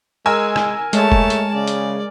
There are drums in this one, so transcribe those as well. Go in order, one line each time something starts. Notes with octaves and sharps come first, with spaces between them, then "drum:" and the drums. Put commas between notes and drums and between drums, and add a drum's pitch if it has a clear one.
G#3 A#4 G#5 E6
drum: rim click
G#3 A3 C#5 A5, drum: hi-hat
drum: kick
drum: hi-hat
C#3 D5
drum: hi-hat